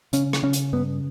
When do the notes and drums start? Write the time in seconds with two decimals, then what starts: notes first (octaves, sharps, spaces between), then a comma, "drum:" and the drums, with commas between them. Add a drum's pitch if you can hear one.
0.13 C#3 C#4, drum: hi-hat
0.33 drum: rim click
0.43 C#3 C#4
0.53 drum: hi-hat
0.73 G2 B3